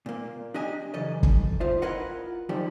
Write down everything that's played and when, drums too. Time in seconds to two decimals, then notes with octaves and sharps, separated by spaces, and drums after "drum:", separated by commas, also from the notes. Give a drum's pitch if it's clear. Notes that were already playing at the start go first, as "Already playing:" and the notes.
0.06 A#2 A#3
0.54 D4 G4 D#5 G#5
0.94 F#2 C#3 E3 A4 D#5
1.23 drum: kick F#1
1.60 F4 C5 E5
1.82 E4 F4 A#4 B4 D#5 F#5
2.49 F#2 A#2 D#3 F3 G3 G4